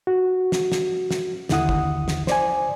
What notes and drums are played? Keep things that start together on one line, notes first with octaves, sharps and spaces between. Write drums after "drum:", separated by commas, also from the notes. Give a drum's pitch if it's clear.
F#4
drum: snare
drum: snare
drum: snare
D#2 D3 E4 F#5 D#6, drum: snare
drum: kick
drum: snare
C5 D5 G#5, drum: snare